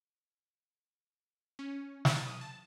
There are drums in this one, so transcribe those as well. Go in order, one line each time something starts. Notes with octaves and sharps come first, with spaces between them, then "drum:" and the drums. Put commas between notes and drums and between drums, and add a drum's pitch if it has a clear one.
C#4
drum: snare
A6
D#6
A5